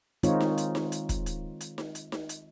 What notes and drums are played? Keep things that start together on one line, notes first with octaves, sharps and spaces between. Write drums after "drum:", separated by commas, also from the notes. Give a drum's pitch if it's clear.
D#3 G#3 C4 D#4 F4 C#5, drum: hi-hat
drum: snare D#4
drum: hi-hat
drum: snare D#4
drum: hi-hat
drum: kick, hi-hat
drum: hi-hat
drum: hi-hat
drum: snare D#4
drum: hi-hat
drum: snare D#4
drum: hi-hat